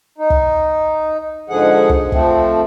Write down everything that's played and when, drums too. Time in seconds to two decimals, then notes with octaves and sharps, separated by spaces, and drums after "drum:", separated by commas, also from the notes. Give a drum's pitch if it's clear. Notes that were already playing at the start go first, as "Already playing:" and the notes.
0.18 D#4
0.30 drum: kick
1.50 G#2 D3 F3 G#4 F#5
1.89 drum: kick
2.12 F3 A3 C4, drum: kick